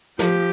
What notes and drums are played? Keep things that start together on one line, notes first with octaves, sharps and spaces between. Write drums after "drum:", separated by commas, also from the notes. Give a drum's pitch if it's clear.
F3 G4, drum: snare